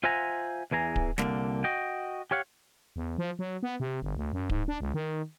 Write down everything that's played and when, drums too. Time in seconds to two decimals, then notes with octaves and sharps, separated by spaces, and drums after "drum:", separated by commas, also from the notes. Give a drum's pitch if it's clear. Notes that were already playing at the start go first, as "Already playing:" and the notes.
0.04 F4 C5 E5 F#5 G#5 A#5
0.71 E2 E3 G#4 A#5
0.96 drum: kick D1
1.18 C2 D3 A#3, drum: snare
1.64 F#4 D#5 G5
2.31 G4 C#5 F5 F#5
2.96 E2
3.18 F3
3.39 F#3
3.63 B3
3.80 C3
4.02 G1
4.17 D2
4.33 F#2
4.49 G#2, drum: kick D1
4.68 D4
4.81 C#2
4.94 D#3